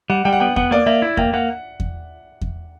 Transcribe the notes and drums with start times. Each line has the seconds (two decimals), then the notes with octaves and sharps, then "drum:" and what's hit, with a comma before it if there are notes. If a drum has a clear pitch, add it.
0.10 G3 F#5
0.25 G3 G5
0.33 F#5
0.40 B3 G5
0.56 B3 F#5, drum: kick E2
0.71 A#3 D5
0.86 A#3 E5
1.02 E4
1.17 A#3 G5, drum: kick E2
1.33 A#3 F#5
1.80 drum: kick E2
2.41 drum: kick E2